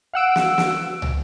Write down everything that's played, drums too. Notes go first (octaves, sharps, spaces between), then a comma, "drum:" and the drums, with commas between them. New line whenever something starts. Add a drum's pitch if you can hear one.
F5 F#5 E6 D7
drum: snare
drum: snare
drum: tom